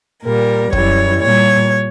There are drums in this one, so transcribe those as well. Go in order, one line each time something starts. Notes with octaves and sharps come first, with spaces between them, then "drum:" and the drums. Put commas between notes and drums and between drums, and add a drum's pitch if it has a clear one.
A#2 G3 A#4
F#2 E3 G3 C#5, drum: kick
A#2 G3 C#5